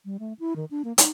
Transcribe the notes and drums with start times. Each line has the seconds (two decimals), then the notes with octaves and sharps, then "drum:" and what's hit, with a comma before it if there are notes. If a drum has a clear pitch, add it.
0.05 G3
0.20 A3
0.39 E4
0.56 D#3
0.71 D4
0.85 A#3
0.98 D#4, drum: hi-hat